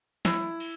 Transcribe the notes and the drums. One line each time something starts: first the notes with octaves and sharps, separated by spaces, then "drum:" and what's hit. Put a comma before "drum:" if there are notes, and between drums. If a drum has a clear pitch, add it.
E4, drum: snare
drum: cymbal